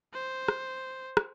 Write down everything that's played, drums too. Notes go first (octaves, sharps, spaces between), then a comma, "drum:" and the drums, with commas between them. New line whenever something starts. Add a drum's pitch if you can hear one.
C5
drum: rim click
drum: rim click